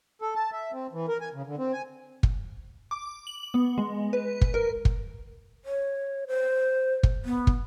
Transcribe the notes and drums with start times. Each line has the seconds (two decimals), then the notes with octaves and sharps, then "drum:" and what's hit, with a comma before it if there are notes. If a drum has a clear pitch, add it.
0.22 A4
0.35 A5
0.52 E5
0.72 C4
0.93 E3
1.08 A#4
1.21 G#5
1.34 C#3
1.47 D3
1.58 C4
1.73 G#5
2.23 drum: kick
2.91 D6
3.27 F#7
3.54 B3
3.78 G#3
4.13 B4
4.41 drum: kick
4.54 A#4
4.85 drum: kick
5.65 C#5
6.28 C5
7.03 drum: kick
7.25 B3
7.47 drum: kick